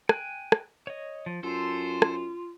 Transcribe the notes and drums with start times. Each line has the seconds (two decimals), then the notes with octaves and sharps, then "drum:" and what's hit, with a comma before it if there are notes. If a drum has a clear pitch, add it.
0.09 G5 G#5 F#6, drum: rim click
0.52 drum: rim click
0.87 C#5 D#5
1.26 F3
1.43 F#2 F4 A4 C5
2.02 drum: rim click